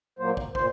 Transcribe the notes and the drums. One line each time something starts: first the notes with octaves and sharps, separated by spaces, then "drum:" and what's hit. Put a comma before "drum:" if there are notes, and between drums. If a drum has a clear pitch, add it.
A#2 F#3 A#3 C5
drum: kick
A#2 C5, drum: kick